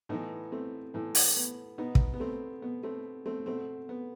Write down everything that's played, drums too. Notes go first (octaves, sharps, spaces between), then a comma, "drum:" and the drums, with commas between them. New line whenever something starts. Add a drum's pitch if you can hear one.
A2 E3 B3 D#4
A3 C4
A2 E3
drum: open hi-hat
B3
B2 B3 D#4
drum: kick
B3
A3 C4
B2 B3
A3 C4
A3 C4
B2 A3 C4
B3